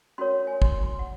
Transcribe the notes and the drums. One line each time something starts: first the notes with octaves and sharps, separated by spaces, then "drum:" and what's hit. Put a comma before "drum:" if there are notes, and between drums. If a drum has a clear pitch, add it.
C#4 F#4 A#4 C#5 C6
G#5
C6, drum: kick
C6
F#5